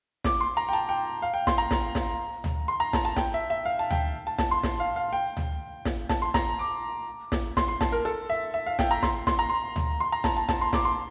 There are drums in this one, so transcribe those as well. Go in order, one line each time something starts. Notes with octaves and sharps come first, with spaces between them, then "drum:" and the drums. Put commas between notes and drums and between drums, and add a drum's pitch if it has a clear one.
D6, drum: snare
C6
A#5
G5
A5
G5
F5
G5
C6, drum: snare
A#5
drum: snare
drum: snare
drum: tom D2
C6
A#5
A5, drum: snare
A5
G5, drum: snare
E5
E5
F5
A5
G5, drum: tom D2
A5
A5, drum: snare
C6
drum: snare
F5
F5
G5
drum: tom D2
drum: snare
A5, drum: snare
C6
A#5, drum: snare
D6
drum: snare
C6, drum: snare
C6
A5, drum: snare
A#4
A4
E5
E5
F5
G5, drum: snare
A#5
C6, drum: snare
C6, drum: snare
A#5
C6
drum: tom D2
C6
A#5
A5, drum: snare
A5
A5, drum: snare
C6
D6, drum: snare
C6